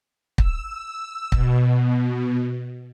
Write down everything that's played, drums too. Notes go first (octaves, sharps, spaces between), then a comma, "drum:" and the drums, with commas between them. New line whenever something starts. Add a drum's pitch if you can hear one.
E6, drum: kick
B2, drum: kick